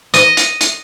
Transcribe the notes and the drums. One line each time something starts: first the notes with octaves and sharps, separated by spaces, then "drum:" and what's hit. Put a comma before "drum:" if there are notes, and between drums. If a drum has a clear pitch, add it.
D#5, drum: hi-hat
drum: hi-hat
drum: hi-hat